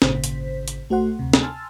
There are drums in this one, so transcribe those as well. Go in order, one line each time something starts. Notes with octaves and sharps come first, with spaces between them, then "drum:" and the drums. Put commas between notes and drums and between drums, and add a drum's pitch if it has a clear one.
G#1 A#2 C#3 C5 B6, drum: snare
drum: hi-hat
drum: hi-hat
A#1 A3 F#4 C5 F#5 C6
D2 C3
drum: snare
G#5 A5 C6 E6 F6 A6